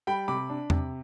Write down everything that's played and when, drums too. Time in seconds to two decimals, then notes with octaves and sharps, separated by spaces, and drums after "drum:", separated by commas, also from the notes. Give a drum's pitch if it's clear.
0.07 G3 G5 B5
0.28 C3 B5 D6
0.49 D4
0.70 C3, drum: tom E2